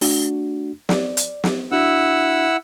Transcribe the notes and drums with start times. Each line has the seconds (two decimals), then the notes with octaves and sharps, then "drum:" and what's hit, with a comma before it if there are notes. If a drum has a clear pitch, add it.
0.01 A3 D4 F#4, drum: open hi-hat
0.89 D5, drum: snare
1.17 drum: hi-hat
1.44 drum: snare
1.72 D4 E4 F#4 F#5 E6